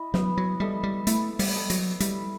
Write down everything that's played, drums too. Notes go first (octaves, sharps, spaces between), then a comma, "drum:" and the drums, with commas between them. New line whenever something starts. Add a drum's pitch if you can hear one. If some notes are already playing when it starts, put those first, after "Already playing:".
Already playing: E4 D#5
F#3 B3, drum: snare
F#3
G3 E4 A4 D#5
G3
A3 E4, drum: hi-hat
G3, drum: open hi-hat
A4 D#5
F#3, drum: hi-hat
G3 E4, drum: hi-hat